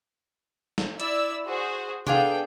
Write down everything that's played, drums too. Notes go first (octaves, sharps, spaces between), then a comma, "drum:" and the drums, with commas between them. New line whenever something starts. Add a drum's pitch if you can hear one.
drum: snare
E4 D5 E6, drum: hi-hat
F#4 G#4 C5
B3 D4 G#4 A4 F5 G5, drum: tom C3